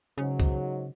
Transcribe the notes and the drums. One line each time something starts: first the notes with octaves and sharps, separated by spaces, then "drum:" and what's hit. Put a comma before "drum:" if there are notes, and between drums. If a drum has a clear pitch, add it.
G#2 C#3 F#3
drum: kick C2, hi-hat